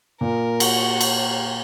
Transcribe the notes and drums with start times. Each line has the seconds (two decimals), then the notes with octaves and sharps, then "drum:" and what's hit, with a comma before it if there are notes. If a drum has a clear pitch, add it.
0.21 A#2 A#4
0.60 F#4, drum: cymbal
1.01 drum: cymbal